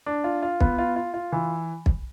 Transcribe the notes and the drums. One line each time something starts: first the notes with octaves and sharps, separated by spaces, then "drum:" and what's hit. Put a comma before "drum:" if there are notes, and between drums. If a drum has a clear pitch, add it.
D4
F4
F4
B3, drum: kick
F4
F4
F4
E3
drum: kick